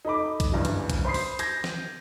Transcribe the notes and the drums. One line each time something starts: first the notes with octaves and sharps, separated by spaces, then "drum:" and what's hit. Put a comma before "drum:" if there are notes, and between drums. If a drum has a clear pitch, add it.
D#4 A4 B5 D6
drum: kick, hi-hat
F#1 G2 E3
drum: hi-hat
drum: kick, hi-hat
C5 B5 C6 D#6 C7
drum: open hi-hat
G6 G#6 A#6, drum: hi-hat
drum: snare